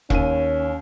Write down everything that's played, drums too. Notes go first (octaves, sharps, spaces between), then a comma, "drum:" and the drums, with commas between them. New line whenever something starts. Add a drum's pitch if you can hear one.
D#2 C#4 D#7, drum: kick E1